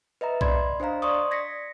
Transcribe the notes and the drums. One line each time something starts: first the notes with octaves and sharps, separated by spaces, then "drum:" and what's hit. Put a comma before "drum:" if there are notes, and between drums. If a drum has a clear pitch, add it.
B4 D#5 E5 A#5
D5 B5 C6 G#6, drum: kick B1
D4 C5 D#5 F5 A#5
D5 C6 C#6 D#6
G#6 A#6 B6 C#7